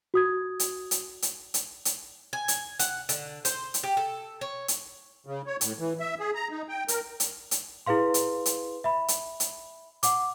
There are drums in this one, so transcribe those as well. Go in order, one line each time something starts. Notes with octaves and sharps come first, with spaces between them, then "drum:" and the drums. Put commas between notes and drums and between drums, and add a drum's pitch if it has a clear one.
F#4 D#6 G#6
drum: hi-hat
drum: hi-hat
drum: hi-hat
drum: hi-hat
drum: hi-hat
G#5
drum: hi-hat
F#5, drum: hi-hat
D3, drum: hi-hat
C5, drum: hi-hat
drum: hi-hat
G4
A4
C#5
drum: hi-hat
C#3
C#5
A2, drum: hi-hat
E3
E5
G#4
A#5
D#4
G5
A#4, drum: hi-hat
drum: hi-hat
drum: hi-hat
E4 G#4 B4 F5 C6
drum: hi-hat
drum: hi-hat
E5 B5
drum: hi-hat
drum: hi-hat
F#5 D6, drum: hi-hat